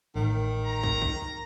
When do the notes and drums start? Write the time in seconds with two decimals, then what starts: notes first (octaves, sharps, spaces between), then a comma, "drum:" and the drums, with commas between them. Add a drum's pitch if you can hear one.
0.16 A1 D#3
0.65 A#5
0.83 drum: kick
1.02 drum: kick